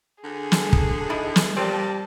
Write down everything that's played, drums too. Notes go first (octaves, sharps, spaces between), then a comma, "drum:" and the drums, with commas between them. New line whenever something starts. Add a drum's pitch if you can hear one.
D3 G#4
drum: snare
drum: kick
D#4 E4 A4
drum: snare
A#2 G3 C4 A5